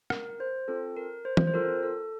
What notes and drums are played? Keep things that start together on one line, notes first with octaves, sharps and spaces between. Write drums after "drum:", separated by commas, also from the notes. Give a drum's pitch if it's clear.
A#4, drum: rim click
C5
C4 F4 A4
A#4
C5
drum: tom E3
C5
C4 F4 A4 A#4
A4